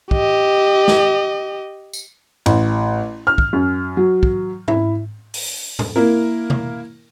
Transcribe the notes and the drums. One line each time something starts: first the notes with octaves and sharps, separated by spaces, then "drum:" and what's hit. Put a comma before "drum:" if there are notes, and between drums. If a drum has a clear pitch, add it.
G4 D#5, drum: kick
drum: snare
drum: tambourine
A1, drum: cymbal
F6
drum: kick
F#2
F#3
drum: kick
E4, drum: tom
drum: open hi-hat
drum: tom A2
A#3 E4 A#4
drum: tom B2